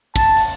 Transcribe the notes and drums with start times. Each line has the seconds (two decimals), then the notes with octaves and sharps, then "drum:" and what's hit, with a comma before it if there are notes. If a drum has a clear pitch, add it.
0.16 A5, drum: kick, hi-hat
0.37 drum: open hi-hat